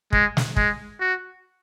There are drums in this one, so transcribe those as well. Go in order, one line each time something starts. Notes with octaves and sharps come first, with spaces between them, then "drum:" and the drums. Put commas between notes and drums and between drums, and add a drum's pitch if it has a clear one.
G#3, drum: kick
drum: snare
G#3, drum: kick
F#4